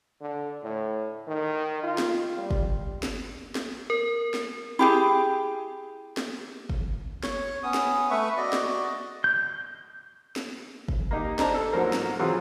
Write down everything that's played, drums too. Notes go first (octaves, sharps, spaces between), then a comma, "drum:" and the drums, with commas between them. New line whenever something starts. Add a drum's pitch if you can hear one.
D3
A2
D#3
F4
drum: snare
G3
drum: kick
drum: snare
drum: snare
A#4
drum: snare
E4 G4 G#4
drum: snare
drum: kick
C#5, drum: snare
B3 C#4 D#6
drum: snare
A3 B4 E5 C#6
F#4 D5 D#5
drum: snare
G6
drum: snare
drum: kick
A#3 D#4 G4
D4 C5 D#5 A5 A#5, drum: snare
A4
G#2 F3 F#3 A#3 A#4 C5
drum: snare
E3 F#3 C4 F4 G#4